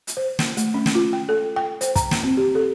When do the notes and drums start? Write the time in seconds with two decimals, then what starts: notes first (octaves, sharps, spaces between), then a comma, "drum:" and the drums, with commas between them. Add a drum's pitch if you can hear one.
0.07 drum: hi-hat
0.17 C5
0.39 drum: snare
0.57 A3, drum: hi-hat
0.74 C#4
0.86 drum: snare
0.95 F4
1.13 G5
1.29 A4
1.56 G5
1.81 C5, drum: hi-hat
1.96 A#5, drum: kick, hi-hat
2.11 drum: snare
2.24 C4
2.37 G4
2.55 A4